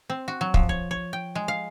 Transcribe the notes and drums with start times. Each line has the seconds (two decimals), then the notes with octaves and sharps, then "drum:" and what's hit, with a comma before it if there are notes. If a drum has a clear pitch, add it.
0.10 C4
0.28 F#4
0.41 F#3
0.54 F3, drum: kick
0.69 C#5
0.91 C#5
1.13 G5
1.35 G#3
1.48 F5